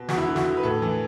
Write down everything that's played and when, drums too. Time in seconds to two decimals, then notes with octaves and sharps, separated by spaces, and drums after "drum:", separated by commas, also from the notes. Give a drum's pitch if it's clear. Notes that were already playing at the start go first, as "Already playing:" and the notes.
Already playing: B2
0.09 E2 F#4, drum: snare
0.18 E4
0.23 F#4
0.28 D3
0.36 F#4, drum: snare
0.45 D3
0.57 B4
0.63 A2 A4
0.82 E3